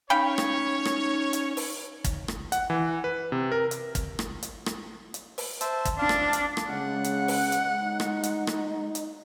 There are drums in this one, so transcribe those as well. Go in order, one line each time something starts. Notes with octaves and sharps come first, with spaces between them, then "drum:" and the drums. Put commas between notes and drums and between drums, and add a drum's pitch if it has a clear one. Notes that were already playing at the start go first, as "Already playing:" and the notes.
C#4 D#4 C#5 F5 G5 B5
drum: rim click
drum: rim click
drum: hi-hat
drum: open hi-hat
drum: kick, hi-hat
drum: rim click
F#5, drum: hi-hat
E3
B4
C3
A#4
drum: hi-hat
drum: kick, hi-hat
drum: rim click
drum: hi-hat
drum: rim click
drum: hi-hat
drum: open hi-hat
C5 E5 A5, drum: hi-hat
drum: kick, hi-hat
D4 F5 A5
drum: rim click
drum: hi-hat
drum: rim click
C#3 G#3 F#5
drum: hi-hat
drum: open hi-hat
drum: hi-hat
D#4
drum: rim click
drum: hi-hat
drum: rim click
drum: hi-hat